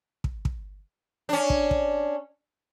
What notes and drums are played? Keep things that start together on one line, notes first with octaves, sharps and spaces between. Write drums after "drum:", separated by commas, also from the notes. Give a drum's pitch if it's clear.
drum: kick
drum: kick
C#4 D4
drum: kick
drum: kick